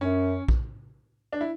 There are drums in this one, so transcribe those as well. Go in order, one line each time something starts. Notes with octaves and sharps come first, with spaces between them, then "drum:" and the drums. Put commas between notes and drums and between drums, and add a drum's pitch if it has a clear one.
F#2 C#4
drum: kick A#1
D4
E4